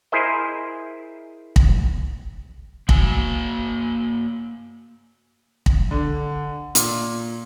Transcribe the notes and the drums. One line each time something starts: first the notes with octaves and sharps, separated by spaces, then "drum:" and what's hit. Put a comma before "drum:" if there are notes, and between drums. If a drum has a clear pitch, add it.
E4 G#4 A#4 C5 D#5
drum: kick
A#3 F#4 G#5, drum: kick
drum: kick
D3
A#2, drum: hi-hat